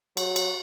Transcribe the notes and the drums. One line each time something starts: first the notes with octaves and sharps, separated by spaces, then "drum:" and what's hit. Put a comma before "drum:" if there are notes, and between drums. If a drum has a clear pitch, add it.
F#3, drum: cymbal
drum: cymbal